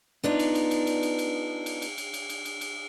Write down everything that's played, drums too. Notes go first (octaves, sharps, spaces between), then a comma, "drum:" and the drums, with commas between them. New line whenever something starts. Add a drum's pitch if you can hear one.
B3 D4 D#4 F4
drum: cymbal
drum: cymbal
drum: cymbal
drum: cymbal
drum: cymbal
drum: cymbal
drum: cymbal
drum: cymbal
drum: cymbal
drum: cymbal
drum: cymbal
drum: cymbal
drum: cymbal